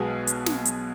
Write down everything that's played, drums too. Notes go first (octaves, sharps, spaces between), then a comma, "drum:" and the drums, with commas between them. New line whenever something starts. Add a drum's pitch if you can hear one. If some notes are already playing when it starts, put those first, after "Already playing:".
Already playing: B1 B2 G#3 B3 G#4
drum: hi-hat
drum: snare
drum: hi-hat